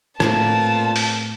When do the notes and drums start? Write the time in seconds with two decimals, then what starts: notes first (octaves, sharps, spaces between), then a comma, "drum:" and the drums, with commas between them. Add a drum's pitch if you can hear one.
0.20 A2 A3 B3 C4 F4 G#4 A#4 A5, drum: rim click
0.96 drum: open hi-hat